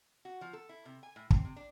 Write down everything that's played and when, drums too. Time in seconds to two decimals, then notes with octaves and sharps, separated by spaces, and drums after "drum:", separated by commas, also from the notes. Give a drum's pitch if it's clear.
0.25 F#4
0.41 F3
0.53 A4
0.69 E4
0.85 C3
1.03 G#5
1.16 A2
1.30 C4, drum: kick
1.45 C3
1.56 D4